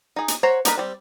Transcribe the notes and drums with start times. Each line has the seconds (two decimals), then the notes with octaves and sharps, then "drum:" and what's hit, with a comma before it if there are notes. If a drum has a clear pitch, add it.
0.16 D#4 G#4
0.28 drum: hi-hat
0.43 C5 C#5 F#5 A#5
0.65 D4 D#4 A#4 B4, drum: hi-hat
0.77 G3 C4